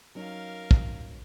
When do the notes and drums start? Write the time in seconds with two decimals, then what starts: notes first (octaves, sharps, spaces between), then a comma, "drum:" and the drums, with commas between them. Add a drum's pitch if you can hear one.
0.15 F#3 C#4 D#4 A#4 F5
0.71 drum: kick